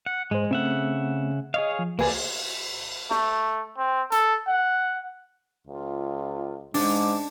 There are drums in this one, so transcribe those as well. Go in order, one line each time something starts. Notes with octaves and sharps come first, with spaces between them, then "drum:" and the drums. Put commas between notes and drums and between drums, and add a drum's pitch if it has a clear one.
F#5
G#2 G#3 C5
C#3 A3 C4 E5 F#5
G#4 C#5 D#5 F5
F3
C#2 A#3 G#4 B4 D5 G#5, drum: cymbal
A3, drum: snare
C4
A4, drum: hi-hat
F#5
C#2 F4
G#2 G#3 D4 D6, drum: open hi-hat